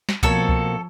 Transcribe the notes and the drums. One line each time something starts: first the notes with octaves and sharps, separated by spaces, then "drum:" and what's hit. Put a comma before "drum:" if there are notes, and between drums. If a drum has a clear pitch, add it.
drum: snare
B2 F3 A#3 C4 A4 C#5 E6, drum: kick C2
drum: kick C2